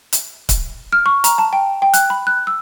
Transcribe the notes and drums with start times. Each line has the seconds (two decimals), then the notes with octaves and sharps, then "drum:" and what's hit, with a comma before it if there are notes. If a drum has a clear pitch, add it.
0.13 drum: hi-hat
0.49 drum: kick C#1, hi-hat
0.92 F6
1.06 C#6
1.24 A#5, drum: hi-hat
1.38 A5
1.53 G5
1.82 G5
1.94 F#6, drum: hi-hat
2.10 B5
2.27 F#6
2.47 E6